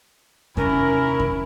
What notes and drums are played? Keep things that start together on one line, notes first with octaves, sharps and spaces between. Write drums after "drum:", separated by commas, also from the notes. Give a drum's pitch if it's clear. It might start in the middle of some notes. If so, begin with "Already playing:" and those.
D#2 C3 C#4 E4 A#4, drum: kick F2
drum: kick F2